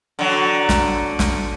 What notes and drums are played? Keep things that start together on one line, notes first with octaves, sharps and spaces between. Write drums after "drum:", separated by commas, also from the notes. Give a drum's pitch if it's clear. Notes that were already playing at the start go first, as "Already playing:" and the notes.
D3 F#3
drum: snare
drum: snare